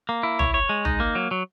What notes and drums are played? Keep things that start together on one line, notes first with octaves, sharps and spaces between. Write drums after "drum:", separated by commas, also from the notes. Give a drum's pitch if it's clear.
A#3
E4
C#5, drum: tom
C#5
G#3
D#4, drum: tom
A#3
F#3
F#3